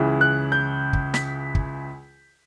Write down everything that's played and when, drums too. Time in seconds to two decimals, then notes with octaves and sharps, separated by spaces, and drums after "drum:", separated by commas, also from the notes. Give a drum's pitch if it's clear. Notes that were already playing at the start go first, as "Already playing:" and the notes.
Already playing: C#2 C#3 E3
0.21 F#6
0.52 G6
0.93 drum: kick
1.14 B6, drum: snare
1.55 drum: kick